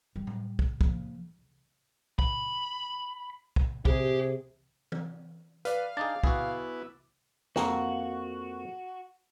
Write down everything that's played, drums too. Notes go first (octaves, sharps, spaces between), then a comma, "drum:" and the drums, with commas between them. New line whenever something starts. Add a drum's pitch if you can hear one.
G3
drum: tom A2
drum: kick
F3 A#3, drum: kick
B5, drum: kick
drum: kick
C3 G4 G#4, drum: kick
drum: tom E3
B4 D5 F5, drum: hi-hat
D4 D#4 G#4 D6 A6
B3 E4 F#4 G#4, drum: kick
F2 A#3 F#4, drum: snare